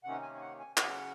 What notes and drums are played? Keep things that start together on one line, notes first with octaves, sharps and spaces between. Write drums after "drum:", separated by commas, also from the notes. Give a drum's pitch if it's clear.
C3 D#3 A#3 C#4 F#5
G#5
G#5
F#5
G#5
C#3 F#3 C#4 F#5, drum: clap